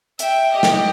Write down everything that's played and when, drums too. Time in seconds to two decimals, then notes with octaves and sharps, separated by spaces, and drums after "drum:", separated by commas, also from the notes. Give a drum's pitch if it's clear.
0.19 E5 G5, drum: hi-hat
0.52 G4 D#5
0.63 drum: snare